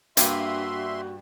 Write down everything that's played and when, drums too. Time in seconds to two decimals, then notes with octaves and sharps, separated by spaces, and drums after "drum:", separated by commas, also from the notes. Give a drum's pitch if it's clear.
0.17 G2 A#3 F#4 G#4 B4 E5 C6, drum: hi-hat